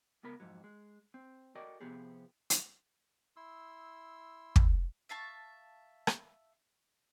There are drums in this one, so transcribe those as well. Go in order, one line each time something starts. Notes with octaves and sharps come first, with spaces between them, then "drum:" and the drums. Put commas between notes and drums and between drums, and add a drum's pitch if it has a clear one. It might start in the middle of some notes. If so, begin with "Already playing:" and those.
C#2 B3 A#4 B5
F2 G#2 F#3
G#3
C4
F#4 A4 A#4 D5 D#5 G5
C3 F3 B3 G4 G#4
drum: hi-hat
E4 C6 E6
drum: kick
E5 F5 A5 C#6
drum: rim click